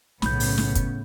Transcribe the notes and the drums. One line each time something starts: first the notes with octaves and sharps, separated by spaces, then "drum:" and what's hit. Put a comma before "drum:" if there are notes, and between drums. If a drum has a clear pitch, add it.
B1 A2 C#3 B3 C#4 B5 G6, drum: snare
drum: open hi-hat
drum: snare
drum: kick, hi-hat